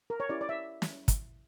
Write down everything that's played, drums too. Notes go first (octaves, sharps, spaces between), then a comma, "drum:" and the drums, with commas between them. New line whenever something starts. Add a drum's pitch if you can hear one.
A#4
C#5
C#4 E4 G4 D5
D5
E5
drum: snare
drum: kick, hi-hat